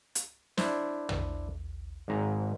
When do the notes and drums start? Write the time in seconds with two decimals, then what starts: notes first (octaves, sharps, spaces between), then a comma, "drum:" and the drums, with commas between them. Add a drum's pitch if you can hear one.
0.15 drum: hi-hat
0.57 D4 E4 C5, drum: snare
1.09 drum: tom
2.08 G#1 G#2 A#5